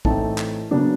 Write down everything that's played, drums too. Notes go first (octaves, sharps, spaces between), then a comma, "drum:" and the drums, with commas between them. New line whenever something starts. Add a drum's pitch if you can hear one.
A2 E3 A3 C4 D#4 A5, drum: kick
drum: clap
C#3 F#3 B3 D4